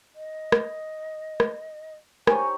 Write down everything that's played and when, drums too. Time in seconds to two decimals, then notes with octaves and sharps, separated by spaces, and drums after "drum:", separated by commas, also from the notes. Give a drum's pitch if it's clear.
0.15 D#5
0.52 drum: rim click
1.40 drum: rim click
2.27 D#4 G4 C5 C#5 G#5, drum: rim click